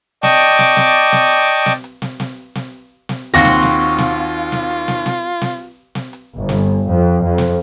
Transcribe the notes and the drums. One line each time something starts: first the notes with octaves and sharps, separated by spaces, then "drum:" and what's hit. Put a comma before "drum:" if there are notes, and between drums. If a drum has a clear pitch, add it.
D5 D#5 G5 A5 C#6 D6, drum: snare
drum: hi-hat
drum: snare
drum: snare
drum: snare
drum: snare
drum: hi-hat
drum: snare
drum: snare
drum: snare
drum: snare
D#2 C4 F4 F#4 B5 C6 A#6
drum: snare
drum: snare
drum: snare
drum: snare
drum: hi-hat
drum: snare
drum: snare
drum: snare
drum: snare
drum: hi-hat
G1
drum: snare
F2
F2
drum: snare